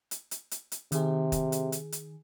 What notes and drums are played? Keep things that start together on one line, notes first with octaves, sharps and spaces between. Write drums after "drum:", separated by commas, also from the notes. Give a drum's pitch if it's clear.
drum: hi-hat
drum: hi-hat
drum: hi-hat
drum: hi-hat
C3 D#3 G#4, drum: hi-hat
drum: kick, hi-hat
drum: hi-hat
drum: hi-hat
drum: hi-hat